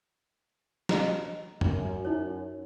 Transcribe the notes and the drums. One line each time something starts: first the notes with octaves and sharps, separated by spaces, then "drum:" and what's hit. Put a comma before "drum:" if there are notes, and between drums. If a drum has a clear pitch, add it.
D#5 A#5, drum: snare
F#2, drum: tom
D#4 C#5